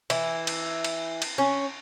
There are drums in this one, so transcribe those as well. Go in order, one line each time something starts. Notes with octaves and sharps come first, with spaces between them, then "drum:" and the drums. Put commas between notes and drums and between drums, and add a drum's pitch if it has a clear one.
E3, drum: cymbal
drum: cymbal
drum: cymbal
drum: cymbal
C#4